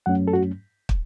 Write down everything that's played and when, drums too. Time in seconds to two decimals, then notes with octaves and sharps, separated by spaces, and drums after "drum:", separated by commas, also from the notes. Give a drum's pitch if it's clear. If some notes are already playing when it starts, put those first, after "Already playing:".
0.06 F#2 F#3 A3 C#4 F#5
0.28 A4
0.33 F#4
0.89 drum: kick